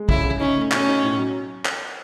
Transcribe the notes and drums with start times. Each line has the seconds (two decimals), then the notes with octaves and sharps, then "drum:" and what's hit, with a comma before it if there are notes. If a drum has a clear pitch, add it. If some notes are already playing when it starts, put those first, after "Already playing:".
Already playing: G#3
0.09 C#3 E4, drum: kick
0.25 C#3
0.40 C#4 D#4
0.56 A3
0.72 B2 C#4, drum: clap
0.88 D#4
1.02 A2
1.18 F#3
1.65 drum: clap